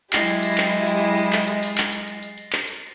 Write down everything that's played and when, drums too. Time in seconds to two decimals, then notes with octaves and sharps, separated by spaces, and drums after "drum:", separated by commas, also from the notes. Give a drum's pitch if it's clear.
0.13 F#3 G#3 E4 G4 A6 A#6 C7, drum: clap
0.28 drum: hi-hat
0.43 drum: open hi-hat
0.58 drum: clap
0.73 drum: hi-hat
0.88 drum: hi-hat
1.18 drum: hi-hat
1.33 drum: clap
1.48 drum: hi-hat
1.63 drum: open hi-hat
1.78 drum: clap
1.93 drum: hi-hat
2.08 drum: hi-hat
2.23 drum: hi-hat
2.38 drum: hi-hat
2.53 drum: clap
2.68 drum: hi-hat